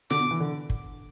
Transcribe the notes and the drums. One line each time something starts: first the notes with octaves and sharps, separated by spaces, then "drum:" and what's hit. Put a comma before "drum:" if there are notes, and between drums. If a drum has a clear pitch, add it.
D3 D6, drum: snare
B2
E3
D3
drum: kick